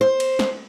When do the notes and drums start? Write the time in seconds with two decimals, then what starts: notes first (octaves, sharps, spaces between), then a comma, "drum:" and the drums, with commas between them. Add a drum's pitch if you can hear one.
0.01 C5
0.20 drum: cymbal
0.39 drum: snare